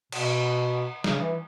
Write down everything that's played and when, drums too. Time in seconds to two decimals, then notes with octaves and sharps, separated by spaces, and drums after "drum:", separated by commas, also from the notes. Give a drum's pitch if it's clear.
0.12 B2, drum: cymbal
1.04 C#3, drum: snare
1.19 E3